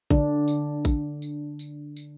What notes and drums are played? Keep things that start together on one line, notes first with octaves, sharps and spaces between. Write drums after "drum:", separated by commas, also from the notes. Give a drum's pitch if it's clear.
D3 D4, drum: kick A1
drum: tambourine
drum: kick A1, tambourine
drum: tambourine
drum: tambourine
drum: tambourine